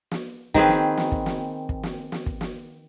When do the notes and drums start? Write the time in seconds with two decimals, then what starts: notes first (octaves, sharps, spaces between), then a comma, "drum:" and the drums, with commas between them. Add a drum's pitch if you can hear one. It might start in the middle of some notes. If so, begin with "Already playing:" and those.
0.11 drum: snare
0.54 D#3 C4 G#4 B4, drum: kick
0.69 drum: snare
0.97 drum: snare
1.12 drum: kick
1.26 drum: snare
1.69 drum: kick
1.83 drum: snare
2.12 drum: snare
2.26 drum: kick
2.41 drum: snare